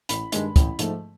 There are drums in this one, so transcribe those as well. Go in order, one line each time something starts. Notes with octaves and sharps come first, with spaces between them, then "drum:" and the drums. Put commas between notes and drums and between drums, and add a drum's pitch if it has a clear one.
A1 B5, drum: hi-hat
G2 D#3 G#3, drum: hi-hat
A1, drum: kick, hi-hat
G#2 F3 A3, drum: hi-hat